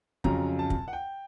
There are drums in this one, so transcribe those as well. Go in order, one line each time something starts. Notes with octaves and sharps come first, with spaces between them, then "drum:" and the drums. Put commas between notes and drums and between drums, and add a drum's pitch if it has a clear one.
F2 C#3 F#3 A#5, drum: kick
A5
drum: kick
F#5
G5